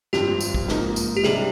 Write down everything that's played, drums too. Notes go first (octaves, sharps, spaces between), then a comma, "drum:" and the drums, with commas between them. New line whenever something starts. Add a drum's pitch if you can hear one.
G#1 G2 F3 C4 G4, drum: snare
drum: tambourine
drum: kick
G#2 F3 A#3 D#4, drum: snare
drum: tambourine
G4
C2 C3 G3 D4 G#4, drum: snare